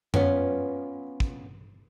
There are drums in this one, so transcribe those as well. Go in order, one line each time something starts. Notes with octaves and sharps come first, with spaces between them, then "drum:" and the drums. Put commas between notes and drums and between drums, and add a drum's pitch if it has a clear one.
B3 C#4 F4, drum: tom F#2
drum: kick